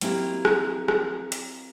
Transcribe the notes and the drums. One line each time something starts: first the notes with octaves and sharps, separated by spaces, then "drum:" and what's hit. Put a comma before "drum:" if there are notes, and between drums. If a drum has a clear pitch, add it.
F#3 A#3 C4 E4 G4, drum: hi-hat
drum: rim click
drum: rim click
drum: hi-hat